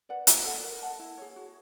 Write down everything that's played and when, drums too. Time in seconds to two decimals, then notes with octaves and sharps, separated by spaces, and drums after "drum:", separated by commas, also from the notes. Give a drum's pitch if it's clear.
0.09 B4 D5 F#5
0.27 E4, drum: hi-hat
0.45 A4 D5 F#5
0.63 A#4
0.82 D#5 F#5 A5
0.99 E4
1.18 G#4 C#5
1.36 F#4